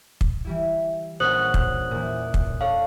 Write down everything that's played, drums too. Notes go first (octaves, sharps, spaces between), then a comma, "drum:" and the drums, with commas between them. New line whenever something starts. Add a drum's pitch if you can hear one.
drum: kick
E3 G3 E4
A#1 C#4 C5 F#5 D#6 F#6 F#7
drum: kick
E2 A#2
drum: kick
D4 A4 C#5 F5